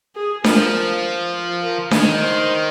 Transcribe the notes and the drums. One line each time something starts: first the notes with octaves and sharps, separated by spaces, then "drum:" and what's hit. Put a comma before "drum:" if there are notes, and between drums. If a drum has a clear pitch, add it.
G#4
F3 A#4, drum: snare D4
C5
A#4
D#3 C#5, drum: snare D4
C5